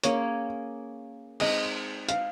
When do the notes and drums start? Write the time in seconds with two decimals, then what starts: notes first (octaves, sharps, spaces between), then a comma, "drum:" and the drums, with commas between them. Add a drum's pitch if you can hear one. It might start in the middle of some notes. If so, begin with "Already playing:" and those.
0.03 A#3 C#4 G#4 C#5, drum: hi-hat
1.40 G#3 C4 D#4 D#5, drum: cymbal
2.09 F5, drum: hi-hat